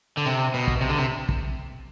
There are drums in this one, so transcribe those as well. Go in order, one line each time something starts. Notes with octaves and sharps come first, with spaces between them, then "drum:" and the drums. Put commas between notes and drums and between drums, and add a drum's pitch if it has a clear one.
D3
C3
B2
drum: kick
C3
D3
C3
drum: kick